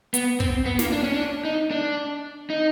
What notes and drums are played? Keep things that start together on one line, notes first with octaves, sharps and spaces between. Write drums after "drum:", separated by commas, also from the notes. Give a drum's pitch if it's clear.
B3, drum: hi-hat
C4, drum: kick
B3
A#3, drum: snare
D4
C#4
D4
D#4
D4
D#4